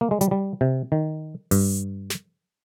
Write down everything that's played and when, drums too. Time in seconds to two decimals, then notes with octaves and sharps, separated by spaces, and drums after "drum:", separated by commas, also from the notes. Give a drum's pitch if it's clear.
0.01 A#3
0.11 G#3
0.21 G3, drum: hi-hat
0.31 G3
0.61 C3
0.92 D#3
1.51 G2, drum: open hi-hat
2.10 drum: snare